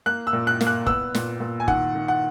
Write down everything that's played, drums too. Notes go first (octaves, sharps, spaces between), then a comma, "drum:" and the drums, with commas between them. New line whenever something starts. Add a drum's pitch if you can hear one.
A#3 F#6
E6
A#2
F#6
A#3, drum: snare
F#6
B3 E6, drum: kick
A#2, drum: snare
A#2
G#5
D#3 F#5, drum: kick
D#3
F#5